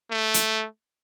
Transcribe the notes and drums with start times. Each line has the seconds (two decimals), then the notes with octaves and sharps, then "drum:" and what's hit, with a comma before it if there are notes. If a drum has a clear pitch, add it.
0.11 A3
0.34 drum: hi-hat